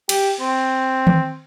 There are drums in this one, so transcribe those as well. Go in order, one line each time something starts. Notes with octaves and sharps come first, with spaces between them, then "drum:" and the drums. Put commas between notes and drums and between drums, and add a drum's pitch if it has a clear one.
G4, drum: cymbal
C4
drum: tom D#3